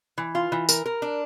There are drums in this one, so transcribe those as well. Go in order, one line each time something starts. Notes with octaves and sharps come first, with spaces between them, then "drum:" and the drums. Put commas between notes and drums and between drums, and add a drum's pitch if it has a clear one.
E3
F4
E3
A#4, drum: tambourine
A#4
D4